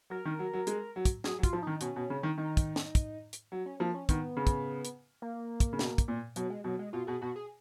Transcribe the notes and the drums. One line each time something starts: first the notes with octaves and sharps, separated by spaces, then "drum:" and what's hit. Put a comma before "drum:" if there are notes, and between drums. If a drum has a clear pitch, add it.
F#3 A#4
D#3
F#3
F#3
G#3, drum: hi-hat
F#3
drum: kick, hi-hat
F#3 G#4, drum: snare
F#3
F4, drum: kick, hi-hat
F3
D#3 D#4
B2 C#4, drum: hi-hat
B2
C#3
D#3
D#3 D#4
drum: kick, hi-hat
drum: snare
drum: kick, hi-hat
drum: hi-hat
F#3
C#4
F3 A#3
C#4
D#3 B3, drum: kick, hi-hat
C#3
drum: kick, hi-hat
drum: hi-hat
A#3
drum: kick, hi-hat
C#3
B2, drum: snare
drum: kick, hi-hat
A#2
B2 F#3, drum: hi-hat
G#3
B2 F#3
G#3
B2 F4
B2 G#4
B2 F#4
G#4